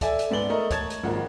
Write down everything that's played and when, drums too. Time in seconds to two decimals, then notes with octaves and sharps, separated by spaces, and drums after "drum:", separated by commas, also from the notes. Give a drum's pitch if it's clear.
0.01 A4 D5 E5 G#5, drum: kick, hi-hat
0.19 drum: hi-hat
0.31 G#2 B3 D5 F#7 G7
0.50 A3 A#4 D#5
0.71 C#5 A5 G#6 A6, drum: kick, hi-hat
0.90 drum: hi-hat
1.03 G#1 F3 G#3 A#3 F#5